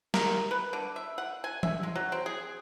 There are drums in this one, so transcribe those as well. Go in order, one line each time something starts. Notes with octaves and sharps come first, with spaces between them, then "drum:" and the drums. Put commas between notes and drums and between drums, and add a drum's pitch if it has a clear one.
A#4, drum: snare
B4
D3
E5
F#5
G#5
E5, drum: tom E3
G#3
F#3
C4
G#4